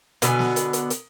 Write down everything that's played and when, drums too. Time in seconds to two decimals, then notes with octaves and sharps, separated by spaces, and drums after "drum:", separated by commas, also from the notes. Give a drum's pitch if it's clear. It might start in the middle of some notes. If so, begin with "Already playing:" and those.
0.22 B2 D3 B3 G#5, drum: hi-hat
0.39 drum: snare
0.56 drum: hi-hat
0.73 drum: hi-hat
0.90 drum: hi-hat